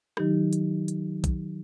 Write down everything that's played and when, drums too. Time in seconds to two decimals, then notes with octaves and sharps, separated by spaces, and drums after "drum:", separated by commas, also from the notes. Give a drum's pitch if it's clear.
0.17 D#3 F#3 D#4 G4, drum: rim click
0.53 drum: hi-hat
0.88 drum: hi-hat
1.24 drum: kick, hi-hat